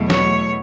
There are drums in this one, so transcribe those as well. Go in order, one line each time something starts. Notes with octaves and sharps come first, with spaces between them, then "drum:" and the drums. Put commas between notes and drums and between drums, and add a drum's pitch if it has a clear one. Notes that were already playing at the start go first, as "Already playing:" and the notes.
Already playing: E2 B2 F#3 A3
C#5, drum: snare